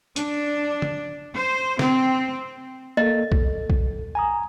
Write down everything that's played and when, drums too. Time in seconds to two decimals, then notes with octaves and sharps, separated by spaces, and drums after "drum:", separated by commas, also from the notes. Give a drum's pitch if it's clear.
0.16 D4, drum: hi-hat
0.82 drum: tom
1.35 C5
1.79 C4, drum: snare
2.97 A#3 A4 D#5
3.32 A4, drum: kick B1
3.70 drum: kick B1
4.15 G#5 A#5 D#6